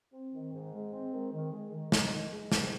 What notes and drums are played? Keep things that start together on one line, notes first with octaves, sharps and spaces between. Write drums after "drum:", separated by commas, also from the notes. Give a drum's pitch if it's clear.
C4
D#3
G#2
G#3
C4
D#3
D#3
G#3
D#3
D#4, drum: snare
D#3
G#3
G#2, drum: snare